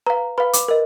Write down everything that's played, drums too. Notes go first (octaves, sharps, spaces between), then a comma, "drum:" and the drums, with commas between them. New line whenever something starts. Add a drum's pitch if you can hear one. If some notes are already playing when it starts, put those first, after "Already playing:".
B4 F5 A#5
B4 F5 B5
D6, drum: hi-hat
A#4 D#5